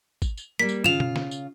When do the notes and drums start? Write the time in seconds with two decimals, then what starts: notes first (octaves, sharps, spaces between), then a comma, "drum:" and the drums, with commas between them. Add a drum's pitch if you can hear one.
0.22 drum: kick G#1, tambourine
0.37 drum: tambourine
0.59 G3 A#3 B6
0.69 drum: tambourine
0.84 C#3 F4 F5 E7 F7, drum: tom
1.00 drum: tom B2
1.16 drum: snare
1.31 drum: tambourine